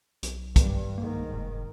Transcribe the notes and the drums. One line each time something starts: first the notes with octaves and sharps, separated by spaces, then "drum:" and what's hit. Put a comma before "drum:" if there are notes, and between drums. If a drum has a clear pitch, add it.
B1, drum: hi-hat
G2, drum: kick, hi-hat
G#2 D#3 A#3
F1